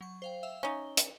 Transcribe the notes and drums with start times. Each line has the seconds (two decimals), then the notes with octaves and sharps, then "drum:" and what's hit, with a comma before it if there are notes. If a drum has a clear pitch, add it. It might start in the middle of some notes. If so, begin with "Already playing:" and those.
0.01 F#3 C#6
0.22 C5 F5 G5
0.43 E5 F5 E6
0.63 C#4 D#4 G7
0.97 drum: hi-hat